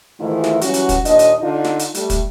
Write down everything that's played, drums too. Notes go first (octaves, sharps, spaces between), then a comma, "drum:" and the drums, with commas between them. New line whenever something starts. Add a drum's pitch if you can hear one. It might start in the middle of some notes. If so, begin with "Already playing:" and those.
G#2 D#3 E3 A3 E4 F4
drum: snare
E3 F#3 G3 C#4 F#4, drum: hi-hat
drum: hi-hat
drum: kick, hi-hat
D#2 A#2 D4 D#5, drum: hi-hat
drum: hi-hat
D3 D4 D#4 F4
drum: snare
drum: hi-hat
G3 A3, drum: hi-hat
drum: kick, hi-hat